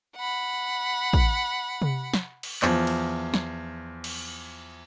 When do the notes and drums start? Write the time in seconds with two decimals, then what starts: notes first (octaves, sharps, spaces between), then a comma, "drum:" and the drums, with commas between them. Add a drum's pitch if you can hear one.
0.16 F#5 B5
1.13 drum: kick
1.82 drum: tom C3
2.14 drum: snare
2.43 drum: cymbal
2.62 E2 F3, drum: clap
2.87 drum: cymbal
3.34 drum: snare
4.04 drum: cymbal